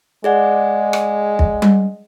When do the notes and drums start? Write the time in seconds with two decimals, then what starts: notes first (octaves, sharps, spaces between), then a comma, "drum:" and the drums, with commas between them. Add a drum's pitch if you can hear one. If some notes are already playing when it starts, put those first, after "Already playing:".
0.24 G#3 G#4 D5 F#5
0.93 drum: rim click
1.39 drum: kick
1.62 drum: tom G3